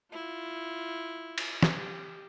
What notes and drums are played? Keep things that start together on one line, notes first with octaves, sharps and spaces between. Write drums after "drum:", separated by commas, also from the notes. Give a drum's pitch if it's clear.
E4 F4
drum: cymbal
drum: snare
G4